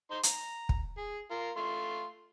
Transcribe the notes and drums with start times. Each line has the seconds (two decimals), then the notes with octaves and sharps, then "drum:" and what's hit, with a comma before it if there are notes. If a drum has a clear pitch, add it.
0.11 D#4 C5 C6
0.23 A#5, drum: hi-hat
0.69 drum: kick
0.97 G#4
1.31 F4 A#4
1.56 A3 F4 C6